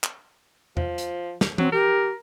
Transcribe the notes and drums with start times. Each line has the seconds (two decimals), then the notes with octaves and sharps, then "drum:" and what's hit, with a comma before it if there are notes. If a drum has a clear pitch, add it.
0.04 drum: clap
0.77 F3, drum: tom E2
0.98 drum: hi-hat
1.41 drum: snare
1.58 F#3 C4, drum: tom
1.72 G4 A#4